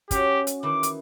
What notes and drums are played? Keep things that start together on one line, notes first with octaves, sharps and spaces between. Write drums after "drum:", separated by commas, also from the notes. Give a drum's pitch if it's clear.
C#4 F#4 G4, drum: kick, hi-hat
drum: hi-hat
D#3 E3 E4 D6
drum: hi-hat